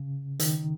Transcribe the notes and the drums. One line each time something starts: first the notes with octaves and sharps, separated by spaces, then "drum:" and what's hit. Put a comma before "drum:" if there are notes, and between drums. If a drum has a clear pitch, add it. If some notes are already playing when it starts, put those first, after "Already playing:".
Already playing: C#3
D#3, drum: hi-hat